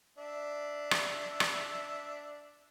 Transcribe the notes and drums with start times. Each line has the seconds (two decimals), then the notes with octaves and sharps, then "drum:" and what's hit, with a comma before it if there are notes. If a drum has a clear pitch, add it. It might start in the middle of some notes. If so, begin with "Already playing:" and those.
0.18 D4 E5
0.91 drum: rim click
1.40 drum: rim click